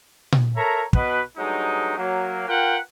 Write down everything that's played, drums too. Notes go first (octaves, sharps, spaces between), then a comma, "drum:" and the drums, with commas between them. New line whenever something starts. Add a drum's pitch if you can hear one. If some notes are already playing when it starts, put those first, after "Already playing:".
drum: tom A#2
A4 A#4 C#5 E5 A#5
B2 B4, drum: kick
G2 F#3 G#3 A3 D#4
F#3 A#3
F4 A#4 B4 F#5 G5